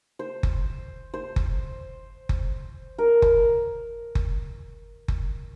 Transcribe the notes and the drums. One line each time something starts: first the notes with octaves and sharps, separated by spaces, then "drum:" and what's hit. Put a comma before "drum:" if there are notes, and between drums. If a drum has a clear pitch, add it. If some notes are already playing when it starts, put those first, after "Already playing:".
C5
drum: kick F#1
C5
drum: kick F#1
drum: kick F#1
A#4
drum: kick F#1
drum: kick F#1
drum: kick F#1